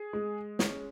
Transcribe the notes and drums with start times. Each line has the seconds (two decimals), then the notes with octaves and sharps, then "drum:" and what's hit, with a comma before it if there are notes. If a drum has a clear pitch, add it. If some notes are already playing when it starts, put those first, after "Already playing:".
Already playing: G#4
0.13 G#3
0.59 C#4, drum: snare